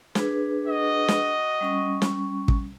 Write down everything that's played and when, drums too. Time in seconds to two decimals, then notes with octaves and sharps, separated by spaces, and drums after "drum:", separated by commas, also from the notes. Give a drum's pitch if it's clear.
0.15 D4 G#4 B4, drum: snare
0.66 F#4 D#5
1.08 drum: snare
1.61 G3 C#4 C#6
2.02 drum: snare
2.48 drum: kick